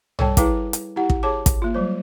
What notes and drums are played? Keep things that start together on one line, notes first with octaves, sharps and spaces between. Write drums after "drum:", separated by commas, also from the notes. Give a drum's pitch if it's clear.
G3 A4 C#5 G5 A5, drum: tom
E4 G#4 B4 F5 G5 D6, drum: kick, hi-hat
drum: hi-hat
E4 G4 F#5
drum: kick
G#4 C#5 A5 D6
drum: kick, hi-hat
A#3 F4
F#3 G3 C5